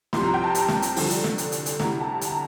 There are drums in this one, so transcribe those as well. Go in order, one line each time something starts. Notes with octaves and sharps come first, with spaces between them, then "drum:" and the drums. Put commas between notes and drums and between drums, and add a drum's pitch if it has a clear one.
C2 C3 F3 C6, drum: snare
A#5
G5
A5
A#5, drum: hi-hat
drum: snare
drum: hi-hat
G2 D3 F3, drum: open hi-hat
drum: hi-hat
drum: snare
drum: hi-hat
drum: hi-hat
drum: hi-hat
D2 C3 E3 A#5, drum: snare
A5
A5, drum: hi-hat
A#5